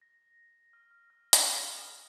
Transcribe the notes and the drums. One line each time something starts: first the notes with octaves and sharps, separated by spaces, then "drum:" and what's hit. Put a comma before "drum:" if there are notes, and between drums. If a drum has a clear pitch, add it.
A#6
F6
F6
F6
drum: hi-hat
D#6
F6
D#6